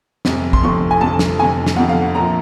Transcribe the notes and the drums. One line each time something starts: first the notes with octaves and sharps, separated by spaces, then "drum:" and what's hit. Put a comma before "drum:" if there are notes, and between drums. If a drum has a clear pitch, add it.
F1 F2 C3, drum: snare
C6, drum: kick
F1 F2 D3 F3 C#6
G#5
F1 F2 D3 F3 A5
drum: snare
F1 F2 D3 F3 G#5
drum: snare
F1 F2 D3 F3 F#5
F5
F#5
A#1 A#2 F3 A#5